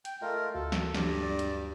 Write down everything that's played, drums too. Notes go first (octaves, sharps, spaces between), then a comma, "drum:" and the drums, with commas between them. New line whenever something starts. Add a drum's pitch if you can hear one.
G5, drum: hi-hat
A3 F4 A#4 D#5
D2 F#4 A4
drum: snare
G2, drum: snare
D5
drum: hi-hat